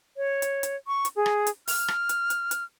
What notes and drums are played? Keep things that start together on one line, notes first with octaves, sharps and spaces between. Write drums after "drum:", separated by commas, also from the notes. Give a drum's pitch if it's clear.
C#5
drum: hi-hat
drum: hi-hat
C#6
drum: hi-hat
G#4
drum: rim click
drum: hi-hat
F6, drum: open hi-hat
drum: rim click
drum: hi-hat
drum: hi-hat
drum: hi-hat